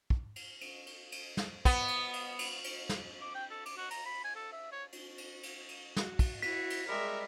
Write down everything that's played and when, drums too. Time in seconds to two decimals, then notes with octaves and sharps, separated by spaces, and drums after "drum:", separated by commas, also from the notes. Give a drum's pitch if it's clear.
0.10 drum: kick
0.36 drum: cymbal
0.61 drum: cymbal
0.86 drum: cymbal
1.12 drum: cymbal
1.37 drum: snare
1.65 B3, drum: kick, cymbal
1.88 drum: cymbal
2.13 drum: cymbal
2.39 drum: cymbal
2.64 drum: cymbal
2.89 drum: snare
3.21 D6
3.35 G5
3.51 A4
3.66 D6, drum: cymbal
3.77 F#4
3.90 A#5, drum: cymbal
4.06 B5
4.24 G#5
4.36 A4
4.52 E5
4.72 C#5
4.92 drum: cymbal
5.18 drum: cymbal
5.43 drum: cymbal
5.68 drum: cymbal
5.97 F#4, drum: snare
6.19 drum: kick, cymbal
6.42 E4 F#4 B6, drum: cymbal
6.70 drum: cymbal
6.88 G3 G#3 A#4 E5